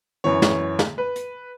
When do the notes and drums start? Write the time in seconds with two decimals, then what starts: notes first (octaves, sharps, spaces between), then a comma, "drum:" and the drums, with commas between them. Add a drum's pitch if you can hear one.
0.24 F#2 E3 C#5
0.42 drum: snare
0.79 drum: snare
0.98 B4
1.16 drum: hi-hat